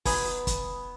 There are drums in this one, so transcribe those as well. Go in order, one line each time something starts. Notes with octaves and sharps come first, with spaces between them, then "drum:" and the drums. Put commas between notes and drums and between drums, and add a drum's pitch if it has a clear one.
G#3 B3 D#4 G#4, drum: kick, open hi-hat
drum: kick, hi-hat